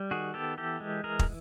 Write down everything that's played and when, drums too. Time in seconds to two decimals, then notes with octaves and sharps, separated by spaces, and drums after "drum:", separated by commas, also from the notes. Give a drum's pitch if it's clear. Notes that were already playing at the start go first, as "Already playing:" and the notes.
Already playing: G3
0.11 D#3 F#4 G#4
0.34 B3 G4 A4
0.57 E3 G4 A4
0.80 G#3
1.04 E3 G#4 A#4
1.19 drum: kick